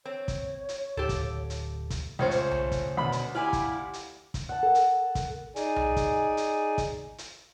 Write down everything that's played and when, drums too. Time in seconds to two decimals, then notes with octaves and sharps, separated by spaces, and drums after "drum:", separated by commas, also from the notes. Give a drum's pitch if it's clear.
0.05 C4 C#5
0.28 drum: kick, hi-hat
0.69 drum: hi-hat
0.97 D1 G4 A4
1.09 drum: kick, hi-hat
1.50 drum: hi-hat
1.90 drum: kick, hi-hat
2.19 C#2 A3 C#4 C5
2.31 drum: hi-hat
2.51 drum: tom B1
2.72 drum: kick, hi-hat
2.97 D2 B2 B5
3.12 drum: hi-hat
3.35 E4 G4 D5 F5 G#5
3.53 drum: kick, hi-hat
3.93 drum: hi-hat
4.34 drum: kick, hi-hat
4.49 F#5 A5
4.63 A4 A#4
4.75 drum: hi-hat
5.15 drum: kick, hi-hat
5.56 D#4 G#4 D5 G#5, drum: hi-hat
5.76 drum: tom B1
5.97 drum: kick, hi-hat
6.37 drum: hi-hat
6.78 drum: kick, hi-hat
7.18 drum: hi-hat